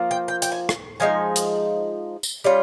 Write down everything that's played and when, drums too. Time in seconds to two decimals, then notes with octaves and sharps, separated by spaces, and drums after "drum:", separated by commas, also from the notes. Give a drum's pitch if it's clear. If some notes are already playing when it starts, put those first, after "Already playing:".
Already playing: F3 A#3 F4
0.11 G5
0.28 G5
0.42 G5, drum: hi-hat
0.52 G#5
0.69 drum: rim click
1.00 F3 G#3 D#4 G#5
1.36 drum: hi-hat
2.23 drum: tambourine
2.44 G3 C#4 F4